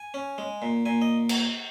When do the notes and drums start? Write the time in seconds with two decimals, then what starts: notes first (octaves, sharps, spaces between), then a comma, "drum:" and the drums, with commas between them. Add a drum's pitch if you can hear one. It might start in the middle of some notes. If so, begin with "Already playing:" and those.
Already playing: G#5
0.14 C#4
0.38 G#3
0.62 A#2
0.86 A#2 G#5
1.02 D#5
1.29 drum: cymbal